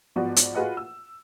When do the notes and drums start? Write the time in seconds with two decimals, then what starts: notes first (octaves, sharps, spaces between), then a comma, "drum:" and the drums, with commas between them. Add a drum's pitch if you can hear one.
0.16 G#2 F3 B3 F#4 D5
0.36 drum: hi-hat
0.55 F4 F#4 G#4 B4 D#5 F#5
0.77 E6